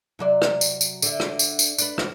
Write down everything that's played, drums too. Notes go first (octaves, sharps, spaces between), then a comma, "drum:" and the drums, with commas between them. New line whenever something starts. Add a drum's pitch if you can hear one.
C3 F#3 D5
drum: rim click
drum: tambourine
drum: tambourine
D3 E5, drum: tambourine
drum: rim click
drum: tambourine
drum: tambourine
D4 B4, drum: tambourine
drum: rim click